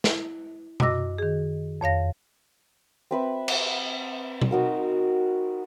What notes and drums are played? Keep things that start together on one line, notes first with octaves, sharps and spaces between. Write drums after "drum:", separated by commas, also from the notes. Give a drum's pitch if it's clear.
E4, drum: snare
F#2 F#4 D#5 D6 E6 A#6, drum: tom B2
D#3 G#4
F2 C#5 F5 A#6
C4 B4 E5
drum: cymbal
drum: tom B2
D#4 F#4 A#4